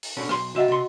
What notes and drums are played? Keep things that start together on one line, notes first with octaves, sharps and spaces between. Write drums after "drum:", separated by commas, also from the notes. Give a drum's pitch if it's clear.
drum: open hi-hat
B2 D3 C#4
B1 C6, drum: rim click
C#3 F#4 D#5 E5 F#5
C3 C6